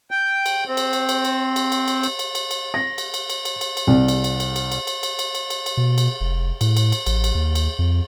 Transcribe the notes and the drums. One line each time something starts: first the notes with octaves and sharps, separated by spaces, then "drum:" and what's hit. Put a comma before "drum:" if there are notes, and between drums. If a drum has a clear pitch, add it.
G5
drum: cymbal
C4
drum: cymbal
drum: cymbal
drum: cymbal
drum: cymbal
drum: cymbal
drum: cymbal
drum: cymbal
drum: cymbal
drum: cymbal
drum: cymbal
drum: cymbal
A#6
drum: cymbal
drum: cymbal
drum: cymbal
drum: cymbal
drum: cymbal
drum: cymbal
C2
drum: cymbal
drum: cymbal
drum: cymbal
drum: cymbal
drum: cymbal
drum: cymbal
drum: cymbal
drum: cymbal
drum: cymbal
drum: cymbal
drum: cymbal
B2
drum: cymbal
F1
A2, drum: cymbal
drum: cymbal
drum: cymbal
A1, drum: cymbal
drum: cymbal
D#2
drum: cymbal
F2